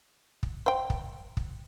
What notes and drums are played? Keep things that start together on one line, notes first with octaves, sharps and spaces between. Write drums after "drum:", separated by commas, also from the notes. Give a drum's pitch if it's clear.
drum: kick
C5 G5
drum: kick
drum: kick